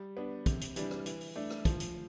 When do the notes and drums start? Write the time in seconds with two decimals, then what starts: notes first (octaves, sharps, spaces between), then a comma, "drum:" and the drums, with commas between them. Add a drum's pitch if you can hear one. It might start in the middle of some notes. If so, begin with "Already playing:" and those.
Already playing: G3
0.17 B3 D4
0.46 C3, drum: kick, hi-hat
0.61 drum: hi-hat
0.76 E3 G3 D4, drum: hi-hat
0.91 drum: rim click
1.06 E3, drum: hi-hat
1.21 drum: open hi-hat
1.36 A3 D4
1.50 drum: rim click
1.65 F3, drum: kick, hi-hat
1.80 drum: hi-hat